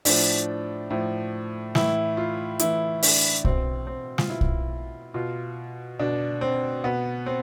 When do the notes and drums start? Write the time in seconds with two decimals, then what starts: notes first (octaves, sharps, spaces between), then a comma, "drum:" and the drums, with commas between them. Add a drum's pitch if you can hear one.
0.05 A2 F3 D4, drum: open hi-hat
0.90 A2 F3
1.75 A2 E3 E4, drum: snare
2.17 F4
2.59 A2 E3 E4, drum: hi-hat
3.03 D4, drum: open hi-hat
3.45 B2 C4, drum: kick B1
3.87 C4
4.18 F4, drum: snare
4.29 B2 E4
4.41 drum: kick B1
5.14 B2 F4
5.99 B2 D4
6.41 C4
6.84 B2 B3
7.26 C4